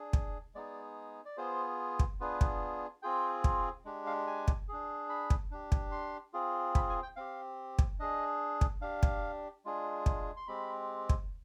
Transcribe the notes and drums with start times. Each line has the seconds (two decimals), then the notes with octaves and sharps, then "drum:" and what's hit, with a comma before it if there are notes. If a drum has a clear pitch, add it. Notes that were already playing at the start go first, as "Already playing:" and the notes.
Already playing: D4 G#4
0.13 drum: kick
0.55 G#3 B3 D#4 G#4 D5
1.25 D5
1.37 B3 F4 G#4 C5
1.99 drum: kick
2.20 B3 D4 F4 G#4 B4
2.41 drum: kick
3.03 C4 F4 G#4 G5
3.44 drum: kick
3.85 G#3 D4 G4
4.06 F5
4.27 G#5
4.48 drum: kick
4.69 D4 G#4
5.09 B5
5.30 drum: kick
5.51 D4 G4
5.72 drum: kick
5.92 C6
6.33 C4 F4 G#4
6.75 B5, drum: kick
6.89 G#5
7.03 G5
7.16 C4 G4 F5
7.79 drum: kick
8.00 D4 G#4 D#5
8.61 drum: kick
8.81 D4 G4 F5
9.03 drum: kick
9.65 G#3 D4 F4 G#4
10.06 drum: kick
10.36 C6
10.47 G#3 C4 G4 B5
11.09 drum: kick